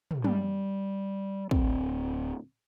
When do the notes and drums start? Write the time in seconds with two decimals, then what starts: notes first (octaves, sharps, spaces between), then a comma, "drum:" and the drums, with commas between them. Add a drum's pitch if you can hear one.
0.11 drum: tom
0.24 G3, drum: tom
1.51 D1 C4, drum: kick